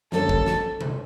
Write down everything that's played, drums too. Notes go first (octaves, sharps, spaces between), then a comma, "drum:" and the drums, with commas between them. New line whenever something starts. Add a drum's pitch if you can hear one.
F#2 D3 G3 A#3 C#4 A4, drum: snare
drum: kick
drum: snare
drum: tom B2